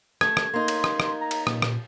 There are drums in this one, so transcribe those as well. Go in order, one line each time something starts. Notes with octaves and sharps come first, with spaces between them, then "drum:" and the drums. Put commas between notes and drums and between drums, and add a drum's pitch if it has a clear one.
A3 G#6, drum: rim click
drum: rim click
A#3 D#4 C6
drum: cymbal
drum: rim click
drum: rim click
A#5
drum: cymbal
A#2, drum: rim click
drum: rim click